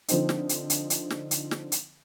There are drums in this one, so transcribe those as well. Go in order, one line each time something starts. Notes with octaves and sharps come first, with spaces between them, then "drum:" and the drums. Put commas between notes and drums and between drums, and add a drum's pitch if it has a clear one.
D3 F3 C4 D#4, drum: hi-hat
drum: snare
drum: hi-hat
drum: hi-hat
drum: hi-hat
drum: snare
drum: hi-hat
drum: snare
drum: hi-hat